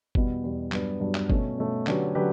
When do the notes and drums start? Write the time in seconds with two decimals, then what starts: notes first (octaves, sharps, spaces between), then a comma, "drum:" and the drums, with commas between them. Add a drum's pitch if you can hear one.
0.15 E2 B2 G3, drum: kick G1
0.44 E2 B2 G3
0.72 G2 F#3 B3 D4, drum: clap
1.00 G2 F#3 B3 D4
1.15 drum: clap
1.30 B2 A3 C#4, drum: kick G1
1.58 B2 A3 C#4
1.87 D3 F#3 C#4 G4 B4, drum: clap
2.15 D3 F#3 C#4 G4 B4